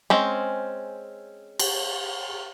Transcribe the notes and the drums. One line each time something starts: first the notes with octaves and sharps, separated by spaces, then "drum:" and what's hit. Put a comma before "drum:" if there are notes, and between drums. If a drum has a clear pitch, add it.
G#3 C4 C#4
drum: cymbal